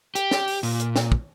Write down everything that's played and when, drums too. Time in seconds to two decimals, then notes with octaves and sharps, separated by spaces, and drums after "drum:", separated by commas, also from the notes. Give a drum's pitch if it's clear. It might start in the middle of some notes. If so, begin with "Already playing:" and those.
0.15 G4, drum: hi-hat
0.31 drum: snare
0.47 drum: open hi-hat
0.63 A#2, drum: open hi-hat
0.80 drum: hi-hat
0.96 drum: snare
1.12 drum: kick